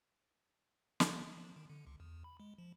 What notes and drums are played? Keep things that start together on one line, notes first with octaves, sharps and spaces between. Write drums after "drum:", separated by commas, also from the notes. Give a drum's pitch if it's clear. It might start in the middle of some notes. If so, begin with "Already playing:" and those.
drum: snare
F3
D#3
D3
C#2
E2
B5
G#3
F3